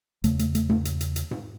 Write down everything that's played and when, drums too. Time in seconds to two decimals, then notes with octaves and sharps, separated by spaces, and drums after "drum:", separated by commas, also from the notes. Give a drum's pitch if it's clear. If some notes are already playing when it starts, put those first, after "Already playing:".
0.24 E2 C#3 A3, drum: hi-hat
0.39 A3, drum: hi-hat
0.55 A3, drum: hi-hat
0.69 A3, drum: tom G#2
0.85 drum: hi-hat
1.01 drum: hi-hat
1.16 drum: hi-hat
1.31 drum: tom G#2